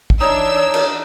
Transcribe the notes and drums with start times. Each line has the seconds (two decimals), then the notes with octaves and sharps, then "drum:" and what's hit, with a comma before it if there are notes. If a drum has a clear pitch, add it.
0.10 drum: kick
0.21 E3 D4 D#4 C#5 D#6 E6
0.74 drum: cymbal